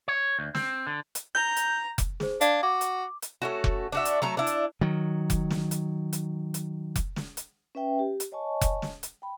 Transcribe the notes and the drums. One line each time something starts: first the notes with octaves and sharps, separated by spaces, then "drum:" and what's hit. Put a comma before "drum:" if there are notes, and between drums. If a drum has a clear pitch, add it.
C#5
D2
C4, drum: snare
D3
drum: hi-hat
A#5 G6
drum: hi-hat
drum: kick F1, hi-hat
G#4 C5, drum: snare
D4 F5 G#6, drum: hi-hat
F#4 D6
drum: hi-hat
drum: hi-hat
A3 C#4 F#4
drum: kick F1
D4 F#4 E5
drum: hi-hat
F#3 A3 A#5
D4 E4
drum: hi-hat
D#3 F#3
drum: kick F1, hi-hat
drum: snare
drum: hi-hat
drum: hi-hat
drum: hi-hat
drum: kick F1, hi-hat
drum: snare
drum: hi-hat
C#4 B4 E5 G5
G4
drum: hi-hat
C#5 D#5 G#5 A5 C#6
drum: kick F1, hi-hat
drum: snare
drum: hi-hat
G5 B5